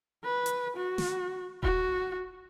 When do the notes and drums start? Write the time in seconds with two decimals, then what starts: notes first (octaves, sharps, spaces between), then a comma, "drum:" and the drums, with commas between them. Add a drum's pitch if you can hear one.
0.24 B4
0.46 drum: hi-hat
0.76 F#4
0.98 drum: snare
1.63 F#4, drum: kick D#1